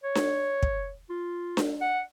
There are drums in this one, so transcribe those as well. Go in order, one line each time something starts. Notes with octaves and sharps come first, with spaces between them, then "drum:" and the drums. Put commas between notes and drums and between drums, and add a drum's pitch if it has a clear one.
C#5
drum: snare D4
drum: kick
F4
drum: snare D4
F#5